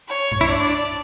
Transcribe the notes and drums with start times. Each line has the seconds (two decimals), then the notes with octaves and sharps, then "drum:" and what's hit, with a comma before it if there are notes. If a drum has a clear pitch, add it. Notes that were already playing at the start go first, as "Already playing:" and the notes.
0.08 C#5
0.31 drum: tom F#2
0.41 E4
0.48 D4 D5